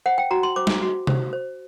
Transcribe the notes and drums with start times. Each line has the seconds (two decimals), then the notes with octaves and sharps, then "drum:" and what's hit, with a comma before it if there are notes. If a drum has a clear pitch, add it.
0.06 C5 F#5
0.18 G5
0.31 F#4 A#5
0.43 C6
0.56 C5 D6
0.67 drum: snare
0.82 F#4
1.07 C5, drum: tom C3
1.33 C5